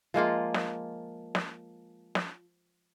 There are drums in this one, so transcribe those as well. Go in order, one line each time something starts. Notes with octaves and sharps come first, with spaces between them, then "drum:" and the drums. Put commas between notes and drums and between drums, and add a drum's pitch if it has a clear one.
F3 G#3 A#3 F4
drum: snare
drum: snare
drum: snare